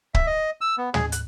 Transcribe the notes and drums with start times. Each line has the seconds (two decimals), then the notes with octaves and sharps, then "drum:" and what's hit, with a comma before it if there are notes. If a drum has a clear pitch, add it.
0.15 E5, drum: kick C#1
0.27 D#5
0.61 E6
0.78 B3
0.94 G#4, drum: tom
1.12 F#6, drum: hi-hat